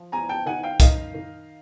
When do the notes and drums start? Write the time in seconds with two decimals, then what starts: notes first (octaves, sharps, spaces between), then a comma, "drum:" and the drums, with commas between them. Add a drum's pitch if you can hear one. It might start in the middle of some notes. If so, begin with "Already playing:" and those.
Already playing: F3
0.12 E2 G#5 A#5
0.29 G5 A5
0.46 D#3 F#5 G#5
0.63 F5 G5
0.80 D#3 D#5 F5, drum: kick, hi-hat
1.14 D#3